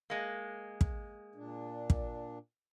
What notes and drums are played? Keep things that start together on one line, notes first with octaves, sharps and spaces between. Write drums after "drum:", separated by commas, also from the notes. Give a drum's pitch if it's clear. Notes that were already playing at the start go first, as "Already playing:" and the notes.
G#3 A#3
drum: kick
A#2 D4
drum: kick